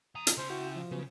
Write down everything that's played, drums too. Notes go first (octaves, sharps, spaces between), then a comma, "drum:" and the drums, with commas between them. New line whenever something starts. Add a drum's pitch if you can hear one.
E2 A#5 D#6
drum: hi-hat
C#3 C5 C6
E4 F#4 G5
F3
C#3 F#3 B3